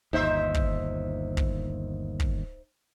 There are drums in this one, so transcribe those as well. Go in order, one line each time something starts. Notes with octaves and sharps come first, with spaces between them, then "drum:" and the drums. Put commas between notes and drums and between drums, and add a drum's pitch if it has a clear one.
G1 D#2 D#4 C5 E5
drum: kick
drum: kick
drum: kick